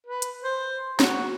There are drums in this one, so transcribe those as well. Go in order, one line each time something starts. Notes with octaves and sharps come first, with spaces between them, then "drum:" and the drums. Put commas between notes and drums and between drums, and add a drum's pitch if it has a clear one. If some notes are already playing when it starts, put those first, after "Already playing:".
B4
drum: hi-hat
C5
F#4, drum: snare